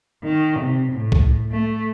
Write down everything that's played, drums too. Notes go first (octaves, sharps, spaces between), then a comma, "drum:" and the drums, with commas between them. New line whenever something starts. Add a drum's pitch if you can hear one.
D#3
C3
A2
drum: kick C2
A3